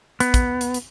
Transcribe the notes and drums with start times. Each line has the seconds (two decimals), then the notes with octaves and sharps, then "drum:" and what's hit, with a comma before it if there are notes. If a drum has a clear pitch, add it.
0.20 B3, drum: hi-hat
0.34 drum: kick, hi-hat
0.61 drum: hi-hat
0.74 drum: hi-hat